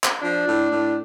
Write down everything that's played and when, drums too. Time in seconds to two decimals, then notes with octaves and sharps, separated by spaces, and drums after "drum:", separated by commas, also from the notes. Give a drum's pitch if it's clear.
0.04 drum: clap
0.22 F3 D4
0.46 A2
0.70 A2